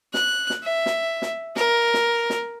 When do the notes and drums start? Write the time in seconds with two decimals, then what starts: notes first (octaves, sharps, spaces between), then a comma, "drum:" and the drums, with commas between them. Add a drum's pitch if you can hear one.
0.14 F#6, drum: snare
0.50 drum: snare
0.64 E5
0.86 drum: snare
1.22 drum: snare
1.56 A#4, drum: snare
1.94 drum: snare
2.30 drum: snare